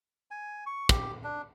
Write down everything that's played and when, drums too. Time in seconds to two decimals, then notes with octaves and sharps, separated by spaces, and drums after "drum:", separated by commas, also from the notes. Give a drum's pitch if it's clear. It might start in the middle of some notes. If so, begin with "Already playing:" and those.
0.31 G#5
0.66 C#6
0.89 G4, drum: kick, hi-hat
1.24 D4